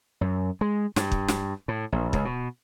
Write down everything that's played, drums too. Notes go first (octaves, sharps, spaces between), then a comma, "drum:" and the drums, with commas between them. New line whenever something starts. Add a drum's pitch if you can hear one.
F#2
G#3
G2, drum: snare
drum: kick
drum: snare
A2
A#1
C#2, drum: kick
B2